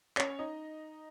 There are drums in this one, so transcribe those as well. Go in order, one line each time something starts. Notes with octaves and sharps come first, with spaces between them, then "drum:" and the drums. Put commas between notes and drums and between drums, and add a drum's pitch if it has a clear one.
C#4 C#5, drum: clap
D#4 D#5